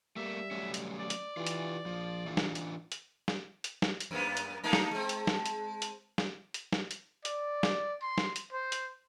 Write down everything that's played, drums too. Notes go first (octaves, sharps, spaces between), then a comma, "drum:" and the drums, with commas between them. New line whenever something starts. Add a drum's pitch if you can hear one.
G3 A3 A#3 E5
F#3 A3 C#4
drum: hi-hat
D5
drum: hi-hat
E3 F4 G4
drum: hi-hat
A#1 F3
E3 D4 F4
drum: snare
drum: hi-hat
drum: hi-hat
drum: snare
drum: hi-hat
drum: snare
drum: hi-hat
F#2 A#3 B3
drum: hi-hat
A3 A#3 D#4 A5
drum: snare
G#3 C4
drum: hi-hat
drum: snare
drum: hi-hat
drum: hi-hat
drum: snare
drum: hi-hat
drum: snare
drum: hi-hat
D5, drum: hi-hat
drum: snare
C6
drum: snare
drum: hi-hat
C5
drum: hi-hat